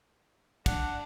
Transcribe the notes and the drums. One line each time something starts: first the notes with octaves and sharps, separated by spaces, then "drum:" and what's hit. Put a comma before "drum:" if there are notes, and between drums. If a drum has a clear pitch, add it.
D4 F#5, drum: kick, cymbal